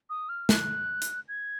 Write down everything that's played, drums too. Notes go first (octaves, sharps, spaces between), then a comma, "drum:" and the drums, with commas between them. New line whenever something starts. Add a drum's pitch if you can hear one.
D#6
F6
F#6, drum: snare
drum: hi-hat
G#6